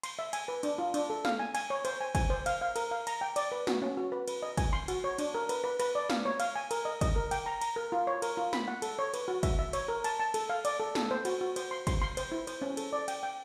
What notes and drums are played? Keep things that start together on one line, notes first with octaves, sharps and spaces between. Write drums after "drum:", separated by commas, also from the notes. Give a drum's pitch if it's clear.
C6, drum: cymbal
E5
G#5, drum: cymbal
B4
D4, drum: cymbal
F4
D4, drum: cymbal
A4
F5, drum: snare
G#5
G#5, drum: cymbal
C#5
C5, drum: cymbal
G#5
G#5, drum: kick, cymbal
C5
F5, drum: cymbal
F5
A#4, drum: cymbal
F5
A#5, drum: cymbal
G5
D5, drum: cymbal
B4
F#4, drum: snare
C#4
F#4
B4
B4, drum: cymbal
D#5
G#5, drum: kick, cymbal
C6
F#4, drum: cymbal
C#5
D4, drum: cymbal
A#4
B4, drum: cymbal
B4
B4, drum: cymbal
D5
F5, drum: snare
C#5
F5, drum: cymbal
G#5
A#4, drum: cymbal
D#5
D#5, drum: kick, cymbal
A#4
G5, drum: cymbal
A#5
A#5, drum: cymbal
A#4
F4
C#5
A#4, drum: cymbal
F4
B5, drum: snare
F#5
A4, drum: cymbal
C#5
B4, drum: cymbal
F#4
E5, drum: kick, cymbal
E5
C#5, drum: cymbal
A#4
A5, drum: cymbal
A5
A4, drum: cymbal
F5
D5, drum: cymbal
A4
A4, drum: snare
C5
F#4, drum: cymbal
F#4
C5, drum: cymbal
C6
C6, drum: kick, cymbal
C6
C5, drum: cymbal
E4
C5, drum: cymbal
C#4
A4, drum: cymbal
D5
G5, drum: cymbal
G5